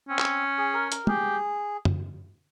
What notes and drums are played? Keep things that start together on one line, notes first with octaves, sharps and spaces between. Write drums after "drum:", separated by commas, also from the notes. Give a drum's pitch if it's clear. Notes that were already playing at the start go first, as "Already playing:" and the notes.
C4 C#4
drum: clap
G#4
A#4
A#4, drum: hi-hat
G4 G#4, drum: tom
drum: tom